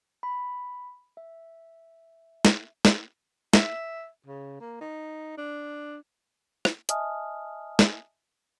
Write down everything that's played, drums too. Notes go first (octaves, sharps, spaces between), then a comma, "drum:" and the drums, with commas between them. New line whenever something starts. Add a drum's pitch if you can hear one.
B5
E5
drum: snare
drum: snare
E5, drum: snare
C#3
A#3
D#4
D4
drum: rim click
D#5 E5 G#5 A5 D#6 F6, drum: hi-hat
drum: snare